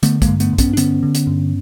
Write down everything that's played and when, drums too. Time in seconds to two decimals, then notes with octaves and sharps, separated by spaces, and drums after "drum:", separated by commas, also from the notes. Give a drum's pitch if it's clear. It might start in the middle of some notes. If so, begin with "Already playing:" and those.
0.03 D3 A3 B3, drum: hi-hat
0.22 G#3 A#3, drum: kick A#1, hi-hat
0.28 G2
0.40 A3 B3, drum: hi-hat
0.53 G2
0.58 B3 C#4, drum: kick A#1, hi-hat
0.73 D4
0.77 D3 B3 C#4, drum: hi-hat
1.03 D3
1.15 drum: hi-hat
1.27 G2